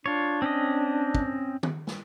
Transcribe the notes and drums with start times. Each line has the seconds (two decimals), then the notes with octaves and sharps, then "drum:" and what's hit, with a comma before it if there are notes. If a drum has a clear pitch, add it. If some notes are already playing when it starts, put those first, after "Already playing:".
0.06 D4 F4 C#5
0.42 C4 C#4 D#5
1.15 drum: kick
1.63 drum: tom D#3
1.87 drum: snare